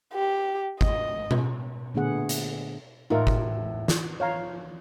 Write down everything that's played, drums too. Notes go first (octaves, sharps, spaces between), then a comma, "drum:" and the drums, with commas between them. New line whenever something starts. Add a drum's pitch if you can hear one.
G4
D#5, drum: kick G1
drum: tom B2
A#2 D3 A3 B3 G#4 F#5
drum: hi-hat
E2 A2 D#4 F4 A#4
drum: kick G1
drum: snare
F3 C#5 F5 A#5